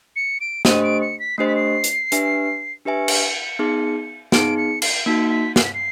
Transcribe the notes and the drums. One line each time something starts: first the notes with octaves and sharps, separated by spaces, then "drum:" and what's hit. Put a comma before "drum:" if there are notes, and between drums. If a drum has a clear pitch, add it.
C#7
D7
A3 D4 G4 C5 D#5 D#7, drum: snare
D7
C#7
B6
A3 D4 G4 C5 D#5 C7
B6
C7
drum: hi-hat
D4 G4 B4 E5 G#5, drum: hi-hat
D4 G4 B4 E5 G#5 C#7
drum: cymbal
B3 D#4 G#4
B3 D#4 G#4 D7, drum: snare
C#7
C7, drum: cymbal
A#3 D#4 F#4 B6
B6
C7, drum: snare
B6
C7